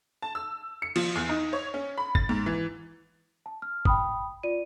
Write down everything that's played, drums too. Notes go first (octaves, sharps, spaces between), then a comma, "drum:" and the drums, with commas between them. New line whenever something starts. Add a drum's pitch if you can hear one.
A5
E6
C#7
F3, drum: cymbal
E2
D#4
C#5
C#4
B5
A6, drum: kick G1
G#2
E3
A5
F6
G5 B5 D#6, drum: kick G1
F4 D5 D#7